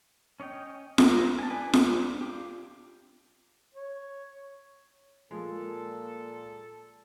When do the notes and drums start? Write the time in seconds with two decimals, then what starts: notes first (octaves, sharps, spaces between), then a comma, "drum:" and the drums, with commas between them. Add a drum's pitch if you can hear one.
0.40 C#4 C#5 D#5 G5
0.98 D4 E4 F4 A#4, drum: snare F4
1.39 G#5 A5
1.50 D4 B4 G#5
1.73 D4, drum: snare F4
2.21 F4 G4
3.74 C#5
5.31 A#2 F3 G#3 A4